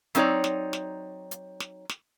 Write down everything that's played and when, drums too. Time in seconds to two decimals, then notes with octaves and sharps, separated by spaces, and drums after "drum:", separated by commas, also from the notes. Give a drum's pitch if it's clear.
0.15 F#3 C4 D#4 A4 C#5 D5, drum: hi-hat
0.44 drum: snare
0.73 drum: snare
1.31 drum: hi-hat
1.60 drum: snare
1.89 drum: snare